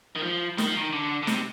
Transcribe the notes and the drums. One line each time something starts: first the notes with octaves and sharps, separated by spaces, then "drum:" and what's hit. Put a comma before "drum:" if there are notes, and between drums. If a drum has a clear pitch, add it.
D#3
F3
D#3, drum: snare
F3
D#3
D3
D3
C3, drum: snare